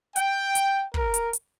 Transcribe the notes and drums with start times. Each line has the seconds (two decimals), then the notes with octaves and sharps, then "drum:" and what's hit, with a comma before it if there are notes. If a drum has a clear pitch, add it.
0.16 G5, drum: hi-hat
0.55 drum: hi-hat
0.94 A#4, drum: kick
1.14 drum: hi-hat
1.33 drum: hi-hat